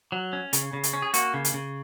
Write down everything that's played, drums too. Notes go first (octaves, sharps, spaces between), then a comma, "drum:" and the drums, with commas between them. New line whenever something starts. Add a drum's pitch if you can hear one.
F#3
C#4
C#3, drum: hi-hat
C#3
drum: hi-hat
C#4
G#4
A#3 F#4, drum: hi-hat
C#3
drum: hi-hat
C#3